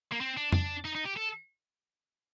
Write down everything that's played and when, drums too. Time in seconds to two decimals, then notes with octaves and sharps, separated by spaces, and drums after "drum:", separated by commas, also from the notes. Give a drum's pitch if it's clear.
0.12 A#3
0.21 C4
0.37 D4
0.52 D4, drum: tom F2
0.85 D#4
0.95 D#4
1.05 G4
1.16 A4